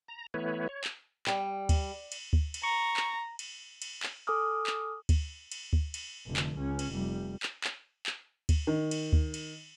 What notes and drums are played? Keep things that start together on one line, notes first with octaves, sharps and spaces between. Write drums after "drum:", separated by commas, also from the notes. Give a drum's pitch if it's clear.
A#5
E3 A3 B3 E4 B4 C#5
C#5
drum: clap
G3, drum: clap
drum: kick D2, cymbal
drum: cymbal
drum: kick D2
drum: cymbal
A#5 C#6
drum: clap
drum: cymbal
drum: cymbal
drum: clap
A4 G#5 D6 D#6 F6
drum: clap
drum: kick D2, cymbal
drum: cymbal
drum: kick D2
drum: cymbal
F1 D3
drum: clap
C#2 C#4
drum: cymbal
F1 G3
drum: clap
drum: clap
drum: clap
drum: kick D2, cymbal
D#3
drum: cymbal
drum: kick D2
drum: cymbal